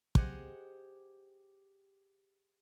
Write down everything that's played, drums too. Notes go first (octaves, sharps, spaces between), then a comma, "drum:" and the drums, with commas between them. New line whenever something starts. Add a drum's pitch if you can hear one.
G4 G#4 C5 D#5 F#5, drum: kick